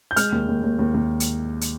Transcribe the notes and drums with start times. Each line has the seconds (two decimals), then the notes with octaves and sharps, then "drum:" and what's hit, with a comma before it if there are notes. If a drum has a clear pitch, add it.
0.11 G6
0.16 G#3 F6, drum: hi-hat
0.32 D#2
0.48 D#2
0.63 D#2
0.79 D#2
0.94 D#2
1.20 drum: hi-hat
1.61 drum: hi-hat